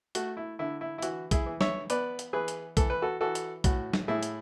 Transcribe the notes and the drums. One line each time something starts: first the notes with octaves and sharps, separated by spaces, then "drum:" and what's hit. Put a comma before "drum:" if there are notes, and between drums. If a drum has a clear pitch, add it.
A3 F#4, drum: hi-hat
E4
D3 E4
E4
E4
E3 F#4, drum: hi-hat
E4 G#4, drum: kick B1, hi-hat
E3
C#5 E5, drum: snare
B3 B4 D5, drum: hi-hat
drum: hi-hat
E3 G#4 B4
drum: hi-hat
E3 A4, drum: kick B1, hi-hat
B4
F#4 A4
E3 F#4 A4
drum: hi-hat
A2 F#4, drum: kick B1, hi-hat
drum: snare
A2 E4 G#4
drum: hi-hat